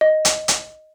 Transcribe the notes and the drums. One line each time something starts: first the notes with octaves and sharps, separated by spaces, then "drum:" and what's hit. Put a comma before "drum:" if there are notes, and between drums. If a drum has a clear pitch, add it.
D#5
drum: hi-hat
drum: hi-hat